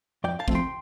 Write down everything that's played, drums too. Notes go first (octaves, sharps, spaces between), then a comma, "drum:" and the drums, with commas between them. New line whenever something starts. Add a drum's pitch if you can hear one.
F2 D5 G5
F5 A5
F3 A3 C4, drum: kick
G5 C6